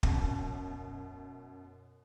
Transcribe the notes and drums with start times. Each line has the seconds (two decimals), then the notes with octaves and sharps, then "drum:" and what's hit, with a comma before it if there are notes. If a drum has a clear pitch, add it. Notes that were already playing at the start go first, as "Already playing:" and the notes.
0.03 F#2 B2, drum: kick